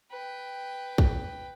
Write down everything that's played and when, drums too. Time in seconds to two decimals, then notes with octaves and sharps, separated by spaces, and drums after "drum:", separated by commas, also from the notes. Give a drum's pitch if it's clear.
0.11 B4 G5
0.98 drum: kick